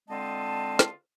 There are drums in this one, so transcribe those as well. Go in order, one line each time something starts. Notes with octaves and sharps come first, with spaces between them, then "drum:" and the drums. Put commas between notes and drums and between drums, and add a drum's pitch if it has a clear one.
D3 G#3 C4 F4 D#5 A5
drum: snare